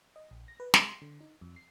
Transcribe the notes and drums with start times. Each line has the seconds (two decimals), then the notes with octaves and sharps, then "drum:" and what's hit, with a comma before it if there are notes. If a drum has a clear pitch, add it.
0.16 D#5
0.31 A#1
0.48 A#6
0.60 B4
0.74 G#3, drum: snare
0.89 C6
1.02 D3
1.21 D#4
1.41 F2
1.56 C7